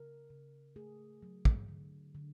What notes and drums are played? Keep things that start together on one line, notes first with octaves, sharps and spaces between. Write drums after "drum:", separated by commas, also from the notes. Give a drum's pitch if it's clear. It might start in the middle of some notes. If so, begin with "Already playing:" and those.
Already playing: C#3 A#4
C#3
A3 G#4
F#3
drum: kick
D3
D3